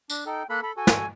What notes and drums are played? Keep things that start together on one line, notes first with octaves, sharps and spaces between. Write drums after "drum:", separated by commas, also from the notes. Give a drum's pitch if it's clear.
D4, drum: tambourine
D#4 A4 G5
A#3 A4 B5 F#6
A4 B5
F#4 A4 G#5
drum: snare